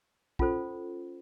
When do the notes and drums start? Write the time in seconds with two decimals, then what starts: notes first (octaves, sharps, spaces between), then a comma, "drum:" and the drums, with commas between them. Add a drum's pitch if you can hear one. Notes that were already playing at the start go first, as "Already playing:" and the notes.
0.39 C#4 F4 A4 C5, drum: kick